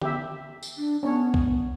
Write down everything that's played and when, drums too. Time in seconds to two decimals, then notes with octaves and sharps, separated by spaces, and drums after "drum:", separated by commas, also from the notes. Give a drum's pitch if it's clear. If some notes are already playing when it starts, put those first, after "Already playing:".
0.02 G4 E5, drum: tom D3
0.63 drum: tambourine
0.77 D4
1.03 B3 C#4 D4 C#5
1.34 drum: kick C2